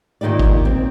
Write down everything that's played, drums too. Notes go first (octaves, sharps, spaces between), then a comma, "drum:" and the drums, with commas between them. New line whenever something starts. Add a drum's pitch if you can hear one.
A#2 D#3 D#4 G4 D5
drum: kick G#1
C4